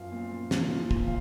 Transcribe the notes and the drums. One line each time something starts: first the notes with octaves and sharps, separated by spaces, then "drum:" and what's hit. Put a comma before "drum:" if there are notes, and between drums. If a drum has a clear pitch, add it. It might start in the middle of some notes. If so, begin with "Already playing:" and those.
Already playing: F#2 F3 F5
A#2
A#2
A#3, drum: snare
F3
A#2, drum: kick
F5